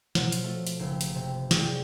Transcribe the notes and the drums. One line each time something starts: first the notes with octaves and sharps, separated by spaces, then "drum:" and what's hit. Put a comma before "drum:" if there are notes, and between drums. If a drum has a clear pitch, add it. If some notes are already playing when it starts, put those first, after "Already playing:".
B2 F3 F#3, drum: snare
drum: hi-hat
A3
drum: hi-hat
F#1 E4
drum: hi-hat
C3
G3 G#4, drum: snare